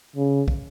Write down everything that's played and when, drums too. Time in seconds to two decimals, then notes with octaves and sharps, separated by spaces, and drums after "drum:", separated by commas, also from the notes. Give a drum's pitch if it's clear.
0.16 C#3
0.48 drum: kick